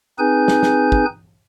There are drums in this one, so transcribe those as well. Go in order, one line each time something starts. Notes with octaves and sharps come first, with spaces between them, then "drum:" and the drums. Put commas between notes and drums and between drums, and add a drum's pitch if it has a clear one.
C4 D#4 G#4 B4 G#5 G6
drum: snare
drum: snare
drum: kick